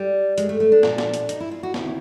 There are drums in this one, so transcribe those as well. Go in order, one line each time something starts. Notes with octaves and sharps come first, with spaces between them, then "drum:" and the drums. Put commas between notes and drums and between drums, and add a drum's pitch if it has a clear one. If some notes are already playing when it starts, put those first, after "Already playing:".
Already playing: G3
G#3, drum: hi-hat
A3
A3
D4
A#2 F3, drum: snare
drum: snare
drum: hi-hat
D#4, drum: hi-hat
E4
F4
F#4
D2 C3 D#3 E4, drum: snare